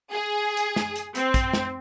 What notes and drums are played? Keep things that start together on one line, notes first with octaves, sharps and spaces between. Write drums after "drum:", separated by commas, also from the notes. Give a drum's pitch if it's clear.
G#4
drum: hi-hat
drum: snare
drum: hi-hat
C4, drum: hi-hat
drum: kick, hi-hat
drum: snare